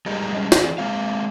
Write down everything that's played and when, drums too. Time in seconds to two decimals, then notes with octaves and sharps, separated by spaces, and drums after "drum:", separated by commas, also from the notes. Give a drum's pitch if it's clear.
0.06 G3 G#3 A#3 D#4 G4
0.33 G3 G#3 C#4
0.52 E3 C4 G#4 D5, drum: snare
0.78 G#3 C4 F5